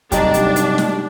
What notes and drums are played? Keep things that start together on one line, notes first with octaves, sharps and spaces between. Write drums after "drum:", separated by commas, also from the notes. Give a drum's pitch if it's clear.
G2 C3 F#3 D4 D#4 G4, drum: kick, hi-hat
drum: hi-hat
drum: hi-hat
drum: snare